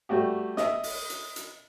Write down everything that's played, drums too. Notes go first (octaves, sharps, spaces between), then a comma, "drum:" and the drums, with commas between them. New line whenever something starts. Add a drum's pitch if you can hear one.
G3 A3 F#4 G4
D#5 E5, drum: snare
drum: open hi-hat
drum: hi-hat
drum: hi-hat